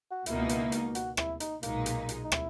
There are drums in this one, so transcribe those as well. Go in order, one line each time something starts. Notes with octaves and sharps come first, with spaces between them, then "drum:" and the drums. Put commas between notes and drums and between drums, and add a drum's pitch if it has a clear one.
F#4
C#2 B2 A#3 D#4 E4, drum: hi-hat
drum: hi-hat
drum: hi-hat
F#4, drum: hi-hat
E4, drum: rim click
D#4, drum: hi-hat
B1 A#2 G#3 A#3 D#4, drum: hi-hat
drum: hi-hat
drum: hi-hat
D#4
E4, drum: rim click